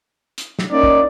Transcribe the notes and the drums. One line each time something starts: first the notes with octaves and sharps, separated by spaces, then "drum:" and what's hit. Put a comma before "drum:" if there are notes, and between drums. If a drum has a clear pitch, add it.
drum: hi-hat
drum: snare
A#3 C#4 D#4 D5
drum: kick